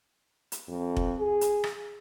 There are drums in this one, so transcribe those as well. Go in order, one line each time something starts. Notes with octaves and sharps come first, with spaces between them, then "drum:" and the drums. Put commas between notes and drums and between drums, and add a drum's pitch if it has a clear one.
drum: hi-hat
F2
drum: kick F1
G#4
drum: hi-hat
drum: rim click